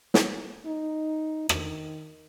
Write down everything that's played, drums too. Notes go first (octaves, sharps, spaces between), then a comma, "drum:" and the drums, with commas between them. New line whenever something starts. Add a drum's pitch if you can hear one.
drum: snare
D#4
D#3, drum: rim click